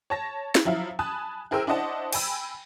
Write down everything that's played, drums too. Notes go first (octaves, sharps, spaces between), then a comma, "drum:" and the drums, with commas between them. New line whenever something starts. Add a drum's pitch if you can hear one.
C#5 A5 A#6
drum: snare
F3 F#3 E4 E5 F5
G#5 A5 B5 D#6 F#6
E4 G#4 A#4 C5 G5 E6
D4 E4 C5 D#5 F#5 A5
G5 G#5 B5 E6, drum: cymbal